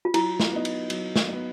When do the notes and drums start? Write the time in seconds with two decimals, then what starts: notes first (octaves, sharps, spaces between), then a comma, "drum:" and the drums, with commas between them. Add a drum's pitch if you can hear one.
0.05 F4
0.14 F#3 E4, drum: cymbal
0.40 drum: snare
0.52 B3 D#4
0.65 drum: cymbal
0.90 F#3, drum: cymbal
1.16 drum: snare
1.29 B3 D#4